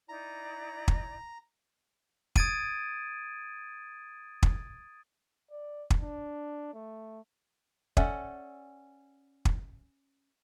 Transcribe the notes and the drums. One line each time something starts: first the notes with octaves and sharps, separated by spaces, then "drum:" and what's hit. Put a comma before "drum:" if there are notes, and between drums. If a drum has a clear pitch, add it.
D#4 E4 D5 A#5
drum: kick
D#6 G#6 A6 D7 D#7, drum: kick
drum: kick
D5
drum: kick
D4
A3
C#4 A4 D5 E5 F#5, drum: kick
drum: kick